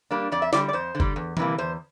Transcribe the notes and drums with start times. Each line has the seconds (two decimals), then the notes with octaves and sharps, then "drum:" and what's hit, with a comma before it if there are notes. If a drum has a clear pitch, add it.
0.11 G3 A#3 D4
0.32 F2 D5
0.42 E5
0.53 D3 G3 D5, drum: snare
0.68 D5
0.73 F2 C5
0.95 D3
1.00 G3, drum: kick F#1
1.16 E2
1.37 C3 E3 G3 A#3, drum: tom D3
1.58 E2 C5